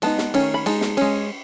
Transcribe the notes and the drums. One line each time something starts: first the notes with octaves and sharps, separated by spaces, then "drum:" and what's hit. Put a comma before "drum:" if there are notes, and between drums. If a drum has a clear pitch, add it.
G#3 B3 D#4 A5, drum: cymbal
drum: snare
D#3 A3 C#4, drum: cymbal
B5
G#3 D#4 A5, drum: cymbal
drum: snare
G#3 C#4, drum: cymbal